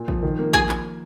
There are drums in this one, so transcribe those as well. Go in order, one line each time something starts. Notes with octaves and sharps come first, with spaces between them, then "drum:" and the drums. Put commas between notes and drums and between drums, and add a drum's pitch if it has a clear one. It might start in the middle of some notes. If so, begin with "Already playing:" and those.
Already playing: A#2
F3, drum: kick
D#3
A#3
F3 G#4 G#5, drum: kick
drum: clap